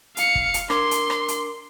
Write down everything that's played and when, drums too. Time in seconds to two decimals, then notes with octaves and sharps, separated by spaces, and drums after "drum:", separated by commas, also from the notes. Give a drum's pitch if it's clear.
0.17 F5 C#7, drum: hi-hat
0.35 drum: kick
0.54 drum: hi-hat
0.70 D4 A#4 C6 D6, drum: rim click
0.91 drum: hi-hat
1.10 drum: rim click
1.28 drum: hi-hat